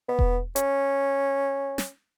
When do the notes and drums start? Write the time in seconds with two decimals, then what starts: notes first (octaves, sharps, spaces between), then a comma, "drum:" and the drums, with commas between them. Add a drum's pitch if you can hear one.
0.09 B3
0.19 drum: kick E1
0.56 C#4, drum: hi-hat
1.78 drum: snare